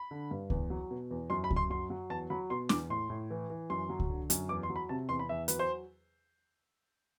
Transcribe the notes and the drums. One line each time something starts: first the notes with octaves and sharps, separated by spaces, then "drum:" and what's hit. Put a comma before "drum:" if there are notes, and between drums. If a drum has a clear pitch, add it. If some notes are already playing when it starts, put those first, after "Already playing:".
Already playing: B5
D3
G2
E2, drum: kick C#2
F#3
B2
E2
F#2 C6
B5
F#2, drum: kick C#2
C6
F#3 C6
F#3
E2 A5
F#3 B5
B2 C6
E2 D6, drum: snare
A2 C6
A2
E3
E3
F#2 C6
F#3
drum: kick C#2
D3
F#2, drum: hi-hat
E2 D6
C6
F#3
B5
C3 A5
E2 C6
B5
E2 E5
F#3 B4, drum: hi-hat
C5